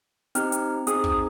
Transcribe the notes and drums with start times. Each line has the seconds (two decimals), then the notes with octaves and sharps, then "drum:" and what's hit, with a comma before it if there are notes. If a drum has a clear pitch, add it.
0.35 C4 D#4 G4 F6, drum: hi-hat
0.52 drum: hi-hat
0.87 C4 D#4 G#4 D#6, drum: hi-hat
1.04 drum: kick